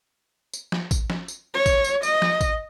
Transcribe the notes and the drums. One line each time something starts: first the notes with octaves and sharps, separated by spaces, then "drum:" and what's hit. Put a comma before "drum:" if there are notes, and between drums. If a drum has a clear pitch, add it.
drum: tambourine
drum: snare
drum: kick A1, tambourine
drum: snare
drum: tambourine
C#5
drum: kick A1, tambourine
drum: tambourine
D#5, drum: tambourine
drum: snare
drum: kick A1, tambourine